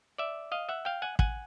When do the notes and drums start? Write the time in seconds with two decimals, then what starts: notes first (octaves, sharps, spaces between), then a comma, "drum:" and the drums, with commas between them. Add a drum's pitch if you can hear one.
0.18 D5 E5
0.52 D#5 F5
0.69 E5 F#5
0.85 F5 G5
1.02 F#5 G#5
1.19 F#5 G#5, drum: kick